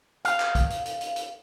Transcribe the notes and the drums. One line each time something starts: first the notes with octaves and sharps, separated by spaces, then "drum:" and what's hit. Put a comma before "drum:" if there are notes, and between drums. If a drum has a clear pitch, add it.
F5, drum: hi-hat
drum: clap
drum: kick, hi-hat
drum: hi-hat
drum: hi-hat
drum: hi-hat
drum: hi-hat